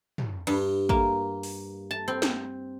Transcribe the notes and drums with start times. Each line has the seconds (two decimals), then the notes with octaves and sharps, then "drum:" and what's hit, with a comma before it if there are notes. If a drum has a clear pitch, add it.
0.18 drum: tom
0.47 G2, drum: cymbal
0.89 A#3, drum: kick A1
1.43 drum: open hi-hat
1.91 A5
2.08 C4
2.22 drum: snare